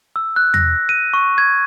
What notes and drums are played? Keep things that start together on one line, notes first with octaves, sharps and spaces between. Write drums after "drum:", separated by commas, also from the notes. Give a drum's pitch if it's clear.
E6
F#6
A#6, drum: tom E2
D#7
C#6
G#6